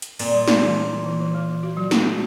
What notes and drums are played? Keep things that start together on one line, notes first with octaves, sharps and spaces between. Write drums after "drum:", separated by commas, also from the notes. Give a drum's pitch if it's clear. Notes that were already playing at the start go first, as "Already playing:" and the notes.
drum: hi-hat
A#2 C4, drum: cymbal
G3
E4, drum: snare
E3
C4
E4
E3
E3
A#3
A#3
F#4
F#3
F#4, drum: snare
F#4